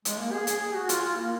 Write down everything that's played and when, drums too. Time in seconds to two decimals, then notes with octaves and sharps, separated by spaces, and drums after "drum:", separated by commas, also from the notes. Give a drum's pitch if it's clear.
0.05 G#3, drum: hi-hat
0.19 A#3
0.33 G#4
0.47 G#4, drum: hi-hat
0.61 G#4
0.75 F#4
0.89 F4, drum: hi-hat
1.03 F4
1.17 A#3